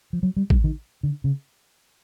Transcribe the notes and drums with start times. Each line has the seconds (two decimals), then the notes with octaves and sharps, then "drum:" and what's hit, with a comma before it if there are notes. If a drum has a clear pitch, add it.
0.13 F3
0.23 F#3
0.36 G3
0.50 G3, drum: kick A1
0.64 D#3
1.03 D3
1.24 C#3